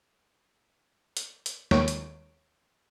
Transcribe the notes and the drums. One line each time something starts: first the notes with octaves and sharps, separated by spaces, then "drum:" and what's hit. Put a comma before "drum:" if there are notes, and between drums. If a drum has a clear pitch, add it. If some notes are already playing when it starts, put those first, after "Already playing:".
drum: hi-hat
drum: hi-hat
D#2 C#5 D7, drum: snare
drum: hi-hat